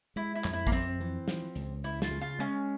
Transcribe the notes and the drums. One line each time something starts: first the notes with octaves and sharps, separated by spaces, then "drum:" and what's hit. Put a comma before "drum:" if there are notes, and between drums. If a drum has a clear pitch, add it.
G#3 E4
E4
F2, drum: clap
E4
A#3, drum: kick
F2 C4
E3
F3, drum: snare
C#2
C#2 E4
F4, drum: snare
C#3
F4
G#3 C#4